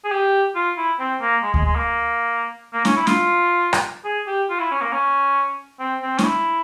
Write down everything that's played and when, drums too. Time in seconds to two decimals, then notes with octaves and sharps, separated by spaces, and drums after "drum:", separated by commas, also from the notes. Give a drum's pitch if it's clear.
0.04 G#4
0.11 G4
0.55 F4
0.77 E4
0.99 C4
1.21 A#3
1.43 G#3
1.54 G#3, drum: kick D2
1.65 G#3
1.76 A#3
2.73 A#3
2.85 C#4, drum: snare
2.96 E4
3.07 F4, drum: snare
3.73 drum: rim click
4.05 G#4
4.27 G4
4.49 F4
4.59 E4
4.71 C#4
4.81 A#3
4.92 C#4
5.79 C4
6.02 C4
6.19 C#4, drum: snare
6.24 E4